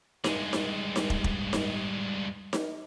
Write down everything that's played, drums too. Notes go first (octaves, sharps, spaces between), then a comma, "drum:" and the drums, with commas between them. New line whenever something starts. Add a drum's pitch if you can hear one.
G2 G#3, drum: snare D#4
drum: snare D#4
drum: snare D#4
drum: kick
drum: kick
drum: snare D#4
drum: snare D#4